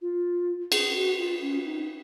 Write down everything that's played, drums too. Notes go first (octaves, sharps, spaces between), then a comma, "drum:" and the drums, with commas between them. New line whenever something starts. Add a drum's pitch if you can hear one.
F4
G#4, drum: cymbal
F#4
F4
C#4
D#4